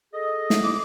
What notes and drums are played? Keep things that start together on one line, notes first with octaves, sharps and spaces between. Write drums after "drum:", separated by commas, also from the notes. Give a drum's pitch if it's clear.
G#4 A4 D#5
drum: snare
D6